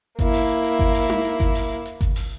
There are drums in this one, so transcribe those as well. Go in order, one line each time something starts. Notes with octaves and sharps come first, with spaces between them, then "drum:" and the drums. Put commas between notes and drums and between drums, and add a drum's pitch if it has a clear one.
A#3 E4, drum: kick G1, hi-hat
drum: open hi-hat
drum: hi-hat
drum: kick G1, hi-hat
drum: open hi-hat
drum: tom D#4
drum: hi-hat
drum: kick G1, hi-hat
drum: open hi-hat
drum: hi-hat
drum: kick G1, hi-hat
drum: open hi-hat